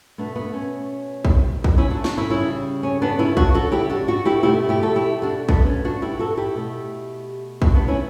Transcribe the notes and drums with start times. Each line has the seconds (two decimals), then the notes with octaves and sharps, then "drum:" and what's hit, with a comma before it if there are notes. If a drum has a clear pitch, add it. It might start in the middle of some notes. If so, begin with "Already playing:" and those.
0.18 B2 A3 B3 D4
0.36 B3
0.54 C#4
1.25 drum: kick
1.64 drum: kick
1.78 C#4 E4
1.90 D4 F#4
2.04 D4 F#4, drum: snare
2.17 C#4 E4
2.30 C#3 G3 C#4 E4
2.83 C#4
3.02 B3 D4
3.19 C#4 E4
3.37 D4 F#4, drum: kick
3.54 F#4 A4
3.72 E4 G4
3.90 D4 F#4
4.07 D4 F#4
4.25 E4 G4
4.43 B2 A3 E4 G4
4.69 E4 G4
4.83 F#4 A4
4.96 E4 G4
5.22 D4 F#4
5.49 B3 D4, drum: kick
5.66 C#4
5.85 D4 F#4
6.02 E4 G4
6.19 F#4 A4
6.37 E4 G4
6.55 B2 A3
7.62 D4 F#4, drum: kick
7.75 B3 D4
7.88 C#4 E4